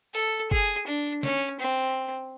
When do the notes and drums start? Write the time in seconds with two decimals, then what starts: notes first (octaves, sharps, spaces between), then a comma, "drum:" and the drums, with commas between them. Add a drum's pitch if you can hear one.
0.15 A4, drum: open hi-hat
0.51 G#4, drum: kick F#1
0.87 D4
1.23 C#4, drum: snare
1.60 C4